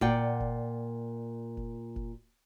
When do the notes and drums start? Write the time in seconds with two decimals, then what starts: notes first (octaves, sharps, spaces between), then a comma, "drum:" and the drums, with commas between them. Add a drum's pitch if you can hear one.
0.01 A#2 D5 F#5 G5, drum: kick F1
0.40 drum: kick F1
1.57 drum: kick F1
1.96 drum: kick F1